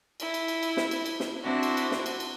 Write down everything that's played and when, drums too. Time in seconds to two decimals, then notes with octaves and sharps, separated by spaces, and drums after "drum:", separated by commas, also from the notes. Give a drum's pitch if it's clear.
0.20 E4, drum: cymbal
0.34 drum: cymbal
0.48 drum: cymbal
0.63 drum: cymbal
0.77 drum: snare
0.91 drum: cymbal
1.06 drum: cymbal
1.20 drum: snare
1.43 C4 D4 E4 F#4
1.63 drum: cymbal
1.77 drum: cymbal
1.91 drum: snare
2.06 drum: cymbal
2.20 drum: cymbal